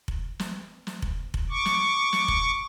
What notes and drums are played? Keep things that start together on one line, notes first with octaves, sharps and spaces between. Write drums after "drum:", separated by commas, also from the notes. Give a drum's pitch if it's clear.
drum: kick F1
drum: snare
drum: snare
drum: kick F1
drum: kick F1
C#6 D6
drum: snare
drum: snare
drum: kick F1